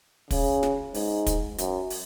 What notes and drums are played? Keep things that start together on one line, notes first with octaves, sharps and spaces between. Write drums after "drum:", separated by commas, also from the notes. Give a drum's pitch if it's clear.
C#3, drum: kick, open hi-hat
drum: snare
G#2, drum: open hi-hat
drum: kick, hi-hat
F#2, drum: hi-hat
drum: open hi-hat